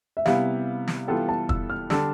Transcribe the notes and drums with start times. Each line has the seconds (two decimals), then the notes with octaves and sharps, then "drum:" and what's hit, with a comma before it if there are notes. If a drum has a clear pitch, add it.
0.17 E5
0.26 C3 G3 B3 E4 F5, drum: snare
0.88 drum: snare
1.08 E3 G3 B3 F4 A4 G5
1.29 A5
1.49 E6, drum: kick
1.70 F6
1.90 D3 G3 D4 A4 E6, drum: snare